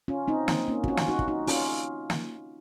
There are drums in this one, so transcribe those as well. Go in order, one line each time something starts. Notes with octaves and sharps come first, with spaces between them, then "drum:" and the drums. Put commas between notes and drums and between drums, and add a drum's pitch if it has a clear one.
C#4 F4
C4 D#4
C4, drum: snare
A#3 C#4
F#4, drum: kick
C#4 F4
drum: snare
D#4 F#4
drum: kick
D#4 F#4
C#4 F4, drum: open hi-hat
drum: snare